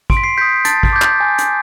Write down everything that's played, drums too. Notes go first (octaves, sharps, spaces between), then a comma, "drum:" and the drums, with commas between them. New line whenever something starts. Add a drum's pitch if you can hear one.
C6 D7, drum: kick
B6
C7
D#6 G6 B6
A5 A6, drum: hi-hat
drum: kick
D6 G6
drum: clap
G#5
drum: hi-hat